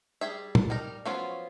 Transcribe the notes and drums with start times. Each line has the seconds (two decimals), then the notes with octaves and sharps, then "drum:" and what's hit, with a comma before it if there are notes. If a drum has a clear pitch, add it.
0.21 G3 G#4 E5
0.55 drum: tom
0.70 G3 D#4 A#4
1.05 F3 F#3 B3 C#4 F4